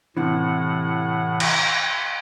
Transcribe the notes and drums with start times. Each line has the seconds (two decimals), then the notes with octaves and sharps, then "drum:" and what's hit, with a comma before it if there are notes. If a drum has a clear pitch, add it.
0.17 A2 C3 E3 F#5
1.40 drum: cymbal